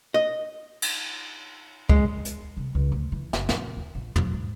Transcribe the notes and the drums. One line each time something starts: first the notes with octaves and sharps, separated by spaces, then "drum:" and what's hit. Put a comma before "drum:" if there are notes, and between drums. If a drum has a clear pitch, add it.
D#5
drum: cymbal
G#3, drum: kick C#2
drum: hi-hat
C2
C#2
D2
E3
F#1, drum: snare
A#2, drum: snare
D#2
A#1
B1, drum: tom
G#2